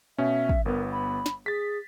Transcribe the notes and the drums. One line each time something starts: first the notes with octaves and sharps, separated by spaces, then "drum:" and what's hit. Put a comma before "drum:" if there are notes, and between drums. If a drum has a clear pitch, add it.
B2 C#4 E5
drum: kick
G1 B3 A#4
B5
drum: snare
G#4 A6 B6